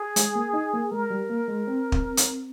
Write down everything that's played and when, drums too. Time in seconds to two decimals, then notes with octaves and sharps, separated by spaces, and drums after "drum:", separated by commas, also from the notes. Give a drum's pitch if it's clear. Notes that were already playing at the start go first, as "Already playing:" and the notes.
Already playing: G#4
0.16 G#3, drum: hi-hat
0.35 A#3
0.54 D#4
0.73 A#3
0.91 G#3 A#4
1.10 G3
1.30 A#3
1.48 G#3
1.67 C4
1.92 drum: kick
2.17 drum: hi-hat